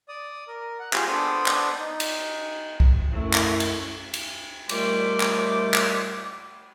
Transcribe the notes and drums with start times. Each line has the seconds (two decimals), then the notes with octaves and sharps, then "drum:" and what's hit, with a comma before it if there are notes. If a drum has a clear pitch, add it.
0.09 D5 D#6
0.48 A#4
0.79 F#5
0.93 F4 G4 G#4 F5, drum: clap
1.08 B3 D4 A4 C5 D5 D#6
1.46 drum: clap
1.79 D#4
2.00 drum: cymbal
2.80 drum: kick B1
3.11 F#2 A3 E4
3.33 drum: clap
3.60 drum: cymbal
4.14 drum: cymbal
4.69 D#2 A#2 G3 A3 C5 D6, drum: cymbal
5.20 drum: clap
5.74 drum: clap